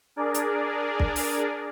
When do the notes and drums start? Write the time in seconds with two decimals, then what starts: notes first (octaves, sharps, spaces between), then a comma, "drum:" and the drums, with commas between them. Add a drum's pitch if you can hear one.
0.16 D4 G#4 A#4 D5
0.34 drum: hi-hat
1.00 drum: kick
1.16 drum: open hi-hat